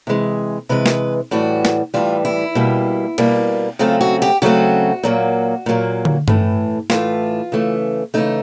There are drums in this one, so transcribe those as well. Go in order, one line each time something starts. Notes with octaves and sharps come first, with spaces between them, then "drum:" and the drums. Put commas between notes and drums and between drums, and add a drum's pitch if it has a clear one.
C3 E3 G#3
C3 E3 G#3 B4
drum: snare
A2 E3 G3 F#4
drum: snare
A2 E3 G3 F4
E4
B2 G3 A#3
B2 G3 A#3, drum: cymbal
C#3 F#3 A3 C4 F4
F#4
G4, drum: open hi-hat
C#3 F#3 A3 C4 F#4
A#2 F#3 A#3
A#2 F#3 A#3
drum: tom
A2 E3 A3, drum: tom G2
A2 E3 A3 F4, drum: snare
C#3 E3 A3
C#3 E3 A3 D#4